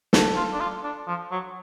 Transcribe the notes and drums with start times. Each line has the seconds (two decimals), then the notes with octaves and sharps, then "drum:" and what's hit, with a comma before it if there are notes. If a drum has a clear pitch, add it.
0.13 A4, drum: snare
0.36 F4
0.53 D4
0.60 F4
0.84 D4
1.07 F3
1.31 F#3